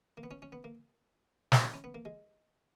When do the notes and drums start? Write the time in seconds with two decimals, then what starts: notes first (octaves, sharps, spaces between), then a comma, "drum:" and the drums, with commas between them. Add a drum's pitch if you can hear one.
0.17 A#3
0.23 B3
0.31 C#4
0.42 C#4
0.52 B3
0.64 A#3
1.52 drum: snare
1.62 C#4
1.74 C#4
1.84 B3
1.95 A#3
2.05 G#3